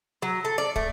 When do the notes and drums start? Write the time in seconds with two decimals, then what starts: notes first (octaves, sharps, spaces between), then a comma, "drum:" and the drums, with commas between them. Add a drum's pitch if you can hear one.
0.22 F#3
0.45 A4
0.58 D5
0.76 A3, drum: kick